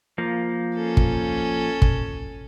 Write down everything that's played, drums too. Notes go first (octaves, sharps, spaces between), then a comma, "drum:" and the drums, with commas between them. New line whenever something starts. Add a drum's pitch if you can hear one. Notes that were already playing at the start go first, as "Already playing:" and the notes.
F3 A#3
C#4 A4
drum: kick
drum: kick